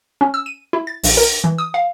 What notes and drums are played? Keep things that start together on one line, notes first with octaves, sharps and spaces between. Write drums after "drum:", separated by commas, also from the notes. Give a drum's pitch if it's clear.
C#4
E6
D#7
E4
A6
A#1, drum: open hi-hat
A#4
E3
D#6
F5